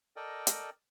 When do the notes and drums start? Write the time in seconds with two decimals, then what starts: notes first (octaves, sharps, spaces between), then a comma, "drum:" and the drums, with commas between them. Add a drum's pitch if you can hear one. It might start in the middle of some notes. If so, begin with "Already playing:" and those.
0.16 A4 A#4 D5 D#5 G5
0.47 drum: hi-hat